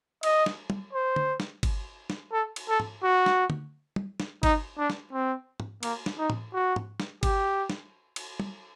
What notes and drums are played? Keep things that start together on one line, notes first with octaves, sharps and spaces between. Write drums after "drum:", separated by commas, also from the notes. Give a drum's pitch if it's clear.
D#5, drum: cymbal
drum: snare
drum: tom
C5
drum: tom
drum: snare
drum: kick G1, cymbal
drum: snare
A4
drum: cymbal
A4
drum: tom
F#4
drum: snare
drum: tom
drum: tom
drum: snare
D#4, drum: kick G1, cymbal
D4
drum: snare
C4
drum: tom
A#3, drum: cymbal
drum: snare
D#4
drum: tom
F#4
drum: tom
drum: snare
G4, drum: kick G1, cymbal
drum: snare
drum: cymbal
drum: tom